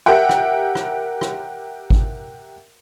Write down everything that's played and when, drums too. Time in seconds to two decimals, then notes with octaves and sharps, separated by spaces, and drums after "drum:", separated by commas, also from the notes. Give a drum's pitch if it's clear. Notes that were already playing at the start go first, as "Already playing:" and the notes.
0.06 G4 A#4 E5 F#5 G5
0.29 drum: rim click
0.75 drum: rim click
1.21 drum: rim click
1.90 drum: kick G#1